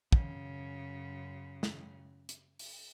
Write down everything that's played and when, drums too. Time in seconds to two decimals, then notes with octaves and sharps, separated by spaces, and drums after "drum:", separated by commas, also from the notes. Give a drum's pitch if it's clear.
0.12 F#2 C#3, drum: kick
1.63 drum: snare
2.29 drum: hi-hat
2.59 drum: open hi-hat